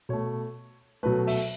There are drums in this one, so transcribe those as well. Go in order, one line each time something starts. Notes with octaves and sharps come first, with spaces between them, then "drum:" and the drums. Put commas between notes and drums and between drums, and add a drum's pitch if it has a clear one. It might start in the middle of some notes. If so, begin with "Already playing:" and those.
B2 A3 C#5
B2 F#3 A3 B4
E5, drum: open hi-hat